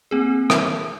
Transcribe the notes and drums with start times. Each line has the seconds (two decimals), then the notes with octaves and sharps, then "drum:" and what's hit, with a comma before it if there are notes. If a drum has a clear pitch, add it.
0.11 A#3 C4 G#4
0.50 drum: rim click